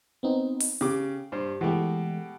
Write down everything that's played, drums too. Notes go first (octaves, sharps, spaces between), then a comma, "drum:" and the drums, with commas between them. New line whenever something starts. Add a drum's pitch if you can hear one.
B3 C4 D#4
drum: open hi-hat
C#3 G4 D6
G2 C5
B2 E3 G#3 A3 G4